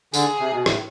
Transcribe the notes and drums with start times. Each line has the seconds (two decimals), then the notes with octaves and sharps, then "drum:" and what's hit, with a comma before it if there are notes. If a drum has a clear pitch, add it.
0.14 D3 G#4, drum: tambourine
0.39 C3
0.53 B2
0.66 A2, drum: rim click